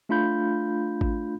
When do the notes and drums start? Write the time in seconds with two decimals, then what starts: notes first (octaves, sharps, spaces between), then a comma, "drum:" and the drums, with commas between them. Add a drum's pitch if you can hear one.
0.09 A3 D4 F4 F5 B5 G6
1.01 drum: kick G#1